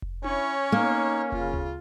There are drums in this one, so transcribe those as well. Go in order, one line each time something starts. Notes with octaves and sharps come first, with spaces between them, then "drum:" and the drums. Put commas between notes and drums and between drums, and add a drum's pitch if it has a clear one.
drum: kick F1
C#4 E4 C#5, drum: tom D4
A#3 D#4
C#3 F4, drum: kick F1
drum: tom D2